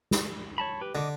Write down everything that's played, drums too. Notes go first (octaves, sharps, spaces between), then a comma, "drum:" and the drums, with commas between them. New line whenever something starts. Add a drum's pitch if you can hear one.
drum: snare
C#5 A5 B5
G4 B4
D3 D#5 D6